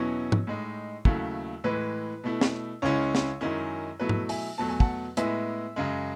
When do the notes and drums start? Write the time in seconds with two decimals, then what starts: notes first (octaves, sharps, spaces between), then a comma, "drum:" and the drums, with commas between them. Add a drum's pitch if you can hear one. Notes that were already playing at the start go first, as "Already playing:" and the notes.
Already playing: E2 B2 F#3 C#4 E4 C#5
0.32 drum: tom G#2
0.47 A2 G#3 D#4
1.05 D#2 C#3 F#3 A3 E4, drum: kick
1.64 A2 E3 G#3 B4
2.24 B2 A3 E4
2.41 drum: snare
2.82 C#2 C#3 G#3 C#4 E4 C#5
3.15 drum: snare
3.41 F#2 D#3 G#3 C#4 E4
4.00 B2 F#3 A3 E4 B4
4.09 drum: tom G#2
4.29 E5 G#5, drum: open hi-hat
4.58 E2 B2 F#3 A3 A5
4.69 G#5
4.80 F#5 A5, drum: kick
5.17 A2 G#3 B3 E4 E5 G#5, drum: hi-hat
5.76 F#2 C#3 G#3